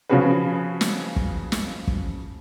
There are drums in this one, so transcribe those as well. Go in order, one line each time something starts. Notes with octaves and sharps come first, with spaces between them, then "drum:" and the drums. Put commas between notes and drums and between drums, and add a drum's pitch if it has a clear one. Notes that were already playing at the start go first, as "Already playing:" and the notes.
C#3 F3 C#4 F#4 G#4 B4
drum: snare
drum: kick
drum: snare
drum: kick